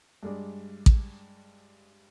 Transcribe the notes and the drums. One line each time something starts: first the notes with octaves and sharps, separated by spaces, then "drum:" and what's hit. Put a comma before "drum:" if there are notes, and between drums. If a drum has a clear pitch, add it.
G2 G#3 D5
drum: kick A1